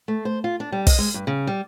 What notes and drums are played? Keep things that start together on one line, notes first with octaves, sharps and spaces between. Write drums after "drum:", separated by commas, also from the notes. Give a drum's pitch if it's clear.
A3
C5
F4
D4
G3
D#5, drum: kick, open hi-hat
G#3
G2
C#3
G3